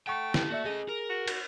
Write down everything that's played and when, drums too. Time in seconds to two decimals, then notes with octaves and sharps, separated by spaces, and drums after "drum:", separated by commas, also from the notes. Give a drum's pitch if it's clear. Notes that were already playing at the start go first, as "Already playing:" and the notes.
0.07 A3 F#5 G5 C#6
0.34 E4 G4, drum: snare
0.50 A#3 F#4 D5 E5
0.65 C#4 G#4 D#5
0.89 A#4
1.09 F#4
1.28 drum: cymbal